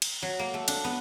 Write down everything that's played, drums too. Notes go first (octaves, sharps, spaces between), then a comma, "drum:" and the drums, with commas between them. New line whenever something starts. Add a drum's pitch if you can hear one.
drum: cymbal
F#3
A#3
A3
D4, drum: cymbal
B3